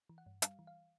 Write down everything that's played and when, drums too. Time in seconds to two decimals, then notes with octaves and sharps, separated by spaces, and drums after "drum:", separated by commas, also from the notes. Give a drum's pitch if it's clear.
0.09 E3
0.18 F#5
0.26 G2
0.42 G3 F5, drum: hi-hat
0.59 E3
0.67 F5